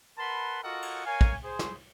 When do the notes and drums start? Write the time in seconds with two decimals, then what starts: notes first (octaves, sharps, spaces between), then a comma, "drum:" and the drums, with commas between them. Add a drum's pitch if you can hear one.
0.18 A#4 B4 F#5 A5 B5 C6
0.63 F4 F#4 A4 A#4 D#5 F#5
0.82 drum: cymbal
1.06 A#4 C#5 F5 G#5
1.21 drum: kick
1.43 G#4 C5
1.59 drum: snare